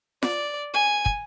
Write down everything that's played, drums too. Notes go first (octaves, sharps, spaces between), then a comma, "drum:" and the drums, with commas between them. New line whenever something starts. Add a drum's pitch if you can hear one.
D5, drum: snare F4
G#5
drum: kick